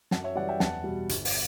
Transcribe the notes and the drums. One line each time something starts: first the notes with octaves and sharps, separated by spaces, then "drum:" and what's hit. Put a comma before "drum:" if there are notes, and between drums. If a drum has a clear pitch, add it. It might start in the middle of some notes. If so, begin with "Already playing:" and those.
F#2 F#5 A5, drum: snare
C#5 E5
E3 G3 D5 F#5
E5 G5
E2 F#5 A5, drum: snare
B2 G3
G1, drum: hi-hat
drum: open hi-hat